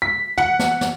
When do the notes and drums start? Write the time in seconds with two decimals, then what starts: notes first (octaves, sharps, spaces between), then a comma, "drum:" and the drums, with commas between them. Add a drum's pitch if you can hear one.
0.02 B6
0.38 F#5, drum: tom
0.59 drum: snare
0.81 drum: snare